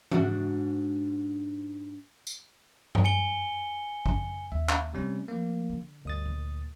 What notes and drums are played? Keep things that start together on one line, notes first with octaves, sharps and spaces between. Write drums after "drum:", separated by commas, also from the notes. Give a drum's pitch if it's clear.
G#2 D4 F#4, drum: tom E3
drum: tambourine
drum: tom G2
G#5 C#7 G7
drum: kick G#1
D#2 E5
drum: clap
C3 G3 A3 C4 C#4
F3 A#3
D3
D2 G2 D#6 A6
A#2